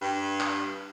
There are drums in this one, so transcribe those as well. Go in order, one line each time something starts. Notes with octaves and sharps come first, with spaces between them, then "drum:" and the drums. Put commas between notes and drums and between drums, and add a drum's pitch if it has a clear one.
G2
drum: clap